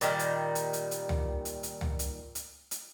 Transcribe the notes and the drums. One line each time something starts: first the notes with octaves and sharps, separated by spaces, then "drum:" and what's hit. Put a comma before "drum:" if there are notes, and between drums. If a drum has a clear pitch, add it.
A#2 D#3 G3, drum: hi-hat
drum: hi-hat
drum: hi-hat
drum: hi-hat
drum: hi-hat
drum: tom
drum: hi-hat
drum: hi-hat
drum: tom
drum: hi-hat
drum: hi-hat
drum: hi-hat